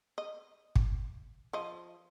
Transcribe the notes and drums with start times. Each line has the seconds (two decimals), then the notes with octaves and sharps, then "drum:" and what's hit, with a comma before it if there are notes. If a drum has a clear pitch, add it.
0.18 D#5
0.76 drum: kick
1.53 F3 D#5